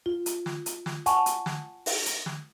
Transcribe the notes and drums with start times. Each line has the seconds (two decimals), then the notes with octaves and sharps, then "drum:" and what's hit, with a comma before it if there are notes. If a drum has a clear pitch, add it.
0.06 F4
0.26 drum: hi-hat
0.46 drum: snare
0.66 drum: hi-hat
0.86 drum: snare
1.06 F#5 G#5 A5 C#6, drum: hi-hat
1.26 drum: hi-hat
1.46 drum: snare
1.86 drum: open hi-hat
2.06 drum: hi-hat
2.26 drum: snare